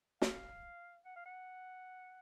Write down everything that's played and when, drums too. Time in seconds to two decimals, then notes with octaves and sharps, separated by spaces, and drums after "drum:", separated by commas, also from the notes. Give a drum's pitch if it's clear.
0.22 F5, drum: snare
1.05 F#5
1.16 F5
1.26 F#5